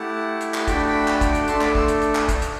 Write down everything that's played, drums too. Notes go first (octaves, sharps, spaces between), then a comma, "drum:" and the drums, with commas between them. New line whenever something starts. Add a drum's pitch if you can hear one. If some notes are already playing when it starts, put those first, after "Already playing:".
Already playing: A3 E4 G4 F#5 A5
drum: hi-hat
drum: clap
A3 D4 F#4 A4 G5 B5, drum: kick, hi-hat
G5 B5
drum: clap
drum: kick, hi-hat
drum: hi-hat
A3 D4 A4 A5 C6, drum: hi-hat
B5 D6, drum: clap
C6 E6, drum: kick
drum: hi-hat
drum: hi-hat
drum: clap
drum: kick, hi-hat
drum: hi-hat